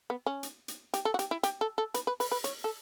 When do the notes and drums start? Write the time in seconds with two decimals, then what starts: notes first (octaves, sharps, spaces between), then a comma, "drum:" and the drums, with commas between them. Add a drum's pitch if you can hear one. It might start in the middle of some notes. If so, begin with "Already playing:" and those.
0.10 B3
0.26 C#4
0.43 drum: hi-hat
0.68 drum: hi-hat
0.94 G4, drum: hi-hat
1.05 A4
1.14 F#4
1.19 G4, drum: hi-hat
1.31 E4
1.43 G4, drum: hi-hat
1.61 A4
1.78 A4
1.94 B4, drum: hi-hat
2.07 B4
2.20 B4, drum: open hi-hat
2.32 B4
2.44 C#5, drum: hi-hat
2.64 A4